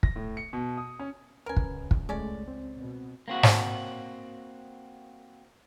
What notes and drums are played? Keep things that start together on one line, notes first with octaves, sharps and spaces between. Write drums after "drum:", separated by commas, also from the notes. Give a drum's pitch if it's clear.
A#6, drum: kick
A2
C#7
B2
D#6
C#4
C#2 C#4 A#4 B4 G#5
drum: kick
drum: kick
G#3 A3 C#4 D5
C4
B2
A#3 C4 F#4
drum: snare